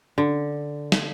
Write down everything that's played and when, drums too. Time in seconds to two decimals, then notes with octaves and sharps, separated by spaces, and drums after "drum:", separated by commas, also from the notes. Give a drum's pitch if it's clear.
0.18 D3
0.92 drum: snare